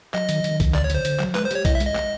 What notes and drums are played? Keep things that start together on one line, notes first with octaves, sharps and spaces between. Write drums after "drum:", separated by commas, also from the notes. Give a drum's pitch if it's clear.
F#3 D#5, drum: clap
D#3, drum: hi-hat
D#3, drum: hi-hat
D2, drum: kick B1, hi-hat
D3 D5, drum: clap
C#5
D3 C5, drum: hi-hat
D3, drum: hi-hat
F#3, drum: clap
G#3 B4, drum: clap
C5
G4 C#5, drum: hi-hat
E4 D#5, drum: kick B1, hi-hat
E5
G#3, drum: hi-hat
D#5
drum: clap